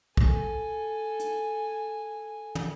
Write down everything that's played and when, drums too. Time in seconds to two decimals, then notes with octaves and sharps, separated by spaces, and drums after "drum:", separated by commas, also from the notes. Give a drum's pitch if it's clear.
0.17 A4 G#5, drum: kick
1.20 drum: hi-hat
2.55 drum: tom